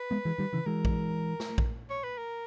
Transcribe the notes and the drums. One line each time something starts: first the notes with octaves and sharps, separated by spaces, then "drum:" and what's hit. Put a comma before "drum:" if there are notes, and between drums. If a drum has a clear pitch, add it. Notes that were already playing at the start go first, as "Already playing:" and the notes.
Already playing: B4
G#3 B3
E3 G#3
D#3 G3
C#3 E3
E3 G#3 A#4
drum: kick A#1
drum: snare
drum: kick A#1
C#5
B4
A#4